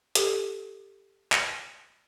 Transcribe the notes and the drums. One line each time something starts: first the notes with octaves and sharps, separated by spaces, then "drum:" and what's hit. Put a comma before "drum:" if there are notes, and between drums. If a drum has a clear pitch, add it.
G4 A4, drum: hi-hat
drum: clap